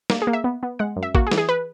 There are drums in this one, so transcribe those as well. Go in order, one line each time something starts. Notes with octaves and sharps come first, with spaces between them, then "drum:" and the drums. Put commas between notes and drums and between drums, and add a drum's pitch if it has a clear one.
A#3, drum: snare
G#4
A#3
E5
B3
B3
G#3 F#5
F#2
E5
A#3 F#4, drum: kick A1
G#4
E3, drum: snare
G#4
B4